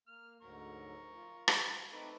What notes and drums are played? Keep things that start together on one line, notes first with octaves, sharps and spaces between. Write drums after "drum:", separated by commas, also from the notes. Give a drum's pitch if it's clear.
A#3 F6
D2 G#2 F#3 A#4 C#6
F4
drum: rim click
A3 C4 D#4 B4 D6